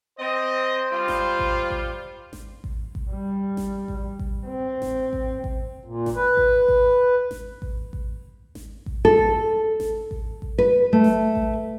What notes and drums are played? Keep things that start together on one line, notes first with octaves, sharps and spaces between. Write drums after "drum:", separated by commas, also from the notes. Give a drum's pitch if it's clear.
C4 C5 D#5
G3 F4
drum: snare G#1
drum: kick A1
drum: kick A1
drum: snare G#1
drum: kick A1
drum: kick A1
G3
drum: snare G#1
drum: kick A1
drum: kick A1
C4
drum: snare G#1
drum: kick A1
drum: kick A1
A#2
drum: snare G#1
B4
drum: kick A1
drum: kick A1
drum: snare G#1
drum: kick A1
drum: kick A1
drum: snare G#1
drum: kick A1
A4
drum: kick A1
drum: snare G#1
drum: kick A1
drum: kick A1
B4
A3
drum: snare G#1
drum: kick A1